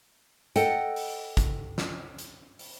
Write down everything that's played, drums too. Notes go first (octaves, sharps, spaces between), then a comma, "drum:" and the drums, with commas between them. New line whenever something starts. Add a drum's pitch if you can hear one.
A4 D#5 F#5 G5, drum: hi-hat
drum: open hi-hat
drum: kick, hi-hat
drum: snare
drum: hi-hat
drum: open hi-hat